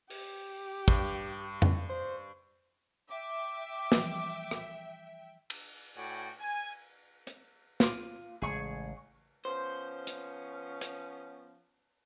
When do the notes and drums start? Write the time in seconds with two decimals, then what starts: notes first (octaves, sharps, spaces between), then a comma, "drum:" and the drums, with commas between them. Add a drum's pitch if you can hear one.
0.10 G4, drum: open hi-hat
0.88 G2, drum: kick
1.62 drum: tom F2
1.89 C5
3.10 E5 G5 D6
3.92 E3 F3 G3, drum: snare
4.51 drum: rim click
5.50 drum: cymbal
5.96 A2 F#4 D5 G5 G#5
6.39 G#5
7.27 drum: hi-hat
7.80 F4 D6, drum: snare
8.42 A1 C#3 G#3 G#4 C#6
9.45 F3 B3 C#4 C5
10.07 drum: hi-hat
10.81 drum: hi-hat